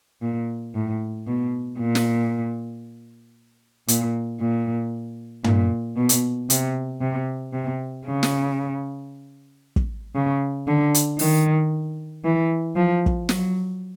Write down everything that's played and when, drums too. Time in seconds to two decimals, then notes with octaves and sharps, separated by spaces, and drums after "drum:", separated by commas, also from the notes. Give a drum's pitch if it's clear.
0.22 A#2
0.75 A2
1.27 B2
1.79 A#2
1.95 drum: snare
3.88 A#2, drum: hi-hat
4.40 A#2
5.44 A#2, drum: tom
5.97 B2
6.09 drum: hi-hat
6.50 C3, drum: hi-hat
7.01 C3
7.53 C3
8.06 C#3
8.23 drum: snare
9.76 drum: kick
10.15 C#3
10.68 D3
10.94 drum: hi-hat
11.19 D#3, drum: open hi-hat
12.25 E3
12.76 F3
13.06 drum: kick
13.29 F#3, drum: snare